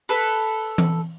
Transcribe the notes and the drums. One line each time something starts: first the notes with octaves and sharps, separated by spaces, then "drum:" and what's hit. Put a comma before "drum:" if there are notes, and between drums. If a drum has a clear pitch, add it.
A4 B4, drum: open hi-hat
drum: tom E3